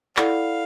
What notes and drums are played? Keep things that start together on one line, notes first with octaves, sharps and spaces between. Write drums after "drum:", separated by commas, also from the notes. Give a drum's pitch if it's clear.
E4 A4 D5 F5 F#5 B5, drum: clap